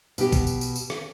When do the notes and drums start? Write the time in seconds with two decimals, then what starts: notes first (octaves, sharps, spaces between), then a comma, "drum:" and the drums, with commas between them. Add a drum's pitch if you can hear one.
0.18 B2 G4, drum: tambourine
0.32 drum: kick, tambourine
0.47 drum: tambourine
0.61 drum: tambourine
0.76 drum: tambourine
0.90 drum: rim click